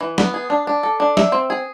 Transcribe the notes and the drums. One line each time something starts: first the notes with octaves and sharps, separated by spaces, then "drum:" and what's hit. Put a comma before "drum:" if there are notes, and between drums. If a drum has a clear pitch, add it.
E3
B3, drum: snare
G#4
D4
D4
A4
D4
E5, drum: snare
C4
G#4